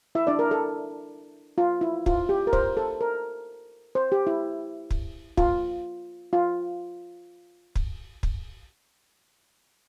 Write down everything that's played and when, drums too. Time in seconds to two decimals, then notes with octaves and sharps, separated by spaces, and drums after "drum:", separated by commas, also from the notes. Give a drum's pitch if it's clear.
0.15 E4 E5
0.27 D4 D5
0.39 A#4
0.51 A4
1.58 F4
1.81 E4
2.06 F4, drum: kick
2.29 G4
2.47 A#4
2.53 C5, drum: kick
2.77 A4
3.01 A#4
3.95 C5
4.12 G4
4.27 E4
4.91 drum: kick
5.37 F4, drum: kick
6.33 F4
7.76 drum: kick
8.23 drum: kick